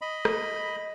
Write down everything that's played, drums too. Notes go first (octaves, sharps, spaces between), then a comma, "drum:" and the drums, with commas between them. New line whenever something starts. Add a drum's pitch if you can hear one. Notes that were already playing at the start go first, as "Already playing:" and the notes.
D#5 B5
drum: rim click